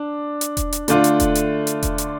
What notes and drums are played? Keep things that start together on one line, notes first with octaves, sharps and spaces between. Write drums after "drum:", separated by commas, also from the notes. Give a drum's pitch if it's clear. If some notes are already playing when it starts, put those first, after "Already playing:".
Already playing: D4
drum: hi-hat
drum: kick E1, hi-hat
drum: hi-hat
D3 A3 D4 F4, drum: hi-hat
drum: hi-hat
drum: kick E1, hi-hat
drum: hi-hat
drum: hi-hat
drum: kick E1, hi-hat
drum: hi-hat